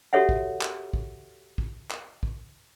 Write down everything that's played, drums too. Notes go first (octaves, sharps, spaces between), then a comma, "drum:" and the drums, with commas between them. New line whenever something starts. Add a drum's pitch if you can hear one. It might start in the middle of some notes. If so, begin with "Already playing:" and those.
F#4 G4 A4 C#5 E5 F#5
drum: kick
drum: clap
drum: kick
drum: kick
drum: clap
drum: kick